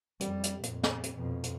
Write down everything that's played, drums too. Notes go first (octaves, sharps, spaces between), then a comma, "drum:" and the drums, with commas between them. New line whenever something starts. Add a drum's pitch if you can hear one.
F2 G3, drum: hi-hat
drum: hi-hat
F2 A#2, drum: hi-hat
drum: snare
drum: hi-hat
F2 B2
drum: hi-hat